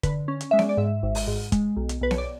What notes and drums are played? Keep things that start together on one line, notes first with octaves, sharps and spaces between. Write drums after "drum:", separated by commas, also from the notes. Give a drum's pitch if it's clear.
D3 B4, drum: kick, hi-hat
C#4
drum: hi-hat
G#3 E5
D5, drum: snare B3
D5
G#2 E5
G#1
drum: open hi-hat
G#2
G#3, drum: kick, hi-hat
B1
drum: hi-hat
B1 B4
C#5, drum: snare B3
D5